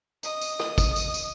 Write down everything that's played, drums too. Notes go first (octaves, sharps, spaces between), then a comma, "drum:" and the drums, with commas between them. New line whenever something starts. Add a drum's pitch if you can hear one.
D#5 D#6, drum: tambourine
drum: tambourine
drum: rim click
drum: kick, tambourine
drum: tambourine
drum: tambourine